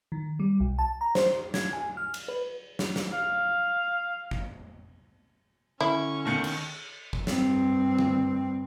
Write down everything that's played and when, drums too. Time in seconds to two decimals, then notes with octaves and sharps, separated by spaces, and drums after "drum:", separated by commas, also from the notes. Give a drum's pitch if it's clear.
0.12 D#3
0.40 G3
0.60 B1
0.79 A5
1.01 A#5
1.15 C5, drum: snare
1.54 G#6, drum: snare
1.73 G#5
1.97 F6
2.14 drum: cymbal
2.28 B4
2.79 drum: snare
2.96 drum: snare
3.13 F5
4.31 drum: kick
5.81 D3 C#4 E4 C#6
6.25 D#2 D#3 C#7
6.44 drum: cymbal
7.13 drum: kick
7.27 G2 C4, drum: snare
7.99 drum: tom D3